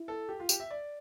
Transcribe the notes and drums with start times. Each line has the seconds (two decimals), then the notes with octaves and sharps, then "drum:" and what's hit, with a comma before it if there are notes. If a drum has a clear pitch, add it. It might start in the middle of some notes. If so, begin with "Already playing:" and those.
Already playing: E4
0.08 A4
0.29 G4
0.40 F4
0.49 G4, drum: tambourine
0.60 E5
0.71 D5